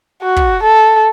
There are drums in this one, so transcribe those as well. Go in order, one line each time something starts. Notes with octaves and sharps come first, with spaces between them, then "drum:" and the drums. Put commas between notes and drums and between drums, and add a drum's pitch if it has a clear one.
F#4
drum: kick
A4